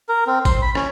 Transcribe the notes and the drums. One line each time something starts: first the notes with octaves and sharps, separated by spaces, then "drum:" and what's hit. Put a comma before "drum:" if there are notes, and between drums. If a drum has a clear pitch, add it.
A#4
C4
C5, drum: kick, tambourine
B5
C#4, drum: rim click